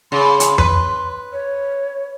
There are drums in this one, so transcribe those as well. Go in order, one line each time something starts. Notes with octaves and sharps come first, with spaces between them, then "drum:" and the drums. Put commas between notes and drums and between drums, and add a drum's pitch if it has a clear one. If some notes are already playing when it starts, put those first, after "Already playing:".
C#3 C6
drum: hi-hat
B4, drum: tom F2
C#5